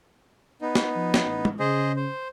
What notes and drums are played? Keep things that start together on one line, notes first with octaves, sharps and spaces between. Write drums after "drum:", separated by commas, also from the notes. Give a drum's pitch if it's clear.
B3 D#4
drum: snare
F3
drum: snare
A1
drum: tom
C#3 G#4 C5 D#5
C5